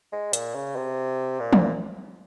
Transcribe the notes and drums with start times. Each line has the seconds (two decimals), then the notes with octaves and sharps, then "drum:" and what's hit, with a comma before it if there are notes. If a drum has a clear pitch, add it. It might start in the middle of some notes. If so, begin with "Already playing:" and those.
0.12 G#3
0.33 A#2, drum: hi-hat
0.55 C#3
0.76 C3
1.40 A#2
1.53 drum: tom